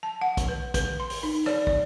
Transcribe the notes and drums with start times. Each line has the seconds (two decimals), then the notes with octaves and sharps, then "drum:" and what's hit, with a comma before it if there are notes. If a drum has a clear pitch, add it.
0.03 A5
0.21 F#5
0.37 drum: kick, hi-hat
0.48 B4
0.74 B4, drum: kick, hi-hat
1.00 C6
1.10 drum: open hi-hat
1.23 D#4
1.46 D5, drum: rim click
1.67 D5, drum: kick